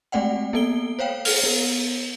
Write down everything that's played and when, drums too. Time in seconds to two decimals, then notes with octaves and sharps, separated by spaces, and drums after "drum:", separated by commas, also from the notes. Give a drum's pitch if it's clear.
0.12 G#3 A3 C4 D5 F#5 G5
0.53 A#3 B3 A4 D7 G7
0.99 C5 C#5 F5 G5
1.25 F6, drum: open hi-hat
1.43 B3 A#4